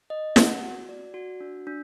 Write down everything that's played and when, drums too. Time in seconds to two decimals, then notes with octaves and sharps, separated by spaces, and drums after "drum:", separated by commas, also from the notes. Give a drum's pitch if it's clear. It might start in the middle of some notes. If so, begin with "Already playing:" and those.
0.10 D#5
0.36 F#5, drum: snare
0.63 F#4
0.89 D5
1.14 F#4
1.40 D4
1.67 D4